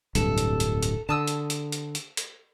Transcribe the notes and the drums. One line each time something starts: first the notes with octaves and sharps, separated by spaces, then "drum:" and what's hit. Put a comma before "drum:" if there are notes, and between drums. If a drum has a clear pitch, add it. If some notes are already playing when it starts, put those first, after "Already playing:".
D1 C2 G2 A4, drum: hi-hat
drum: hi-hat
drum: hi-hat
drum: hi-hat
D3 A5 D#6 E6
drum: hi-hat
drum: hi-hat
drum: hi-hat
drum: hi-hat
drum: hi-hat